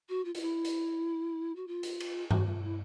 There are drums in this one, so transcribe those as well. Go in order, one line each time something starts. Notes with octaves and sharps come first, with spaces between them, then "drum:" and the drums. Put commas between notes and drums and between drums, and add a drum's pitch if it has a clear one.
F#4
F4
F4, drum: hi-hat
E4
drum: hi-hat
F#4
F4
drum: hi-hat
drum: cymbal
F#4, drum: tom G2
F4
E4